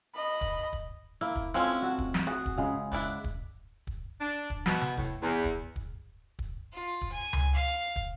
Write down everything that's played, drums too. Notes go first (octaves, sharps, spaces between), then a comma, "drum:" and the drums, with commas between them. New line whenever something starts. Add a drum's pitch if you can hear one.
D#5 B5
drum: kick
drum: kick
A#3 E4
drum: kick
F3 G#3 A3 C4 C#4
F#4 E5 F#5
drum: kick
drum: snare
F#4 G#4
drum: kick
C#3 G#3
B3 D4 E4, drum: kick
drum: kick
drum: kick
D4
drum: kick
B2, drum: snare
drum: tom C3
A2, drum: kick
E2
drum: kick
drum: kick
drum: kick
F4
drum: kick
G#5
drum: tom C#2
F5
drum: kick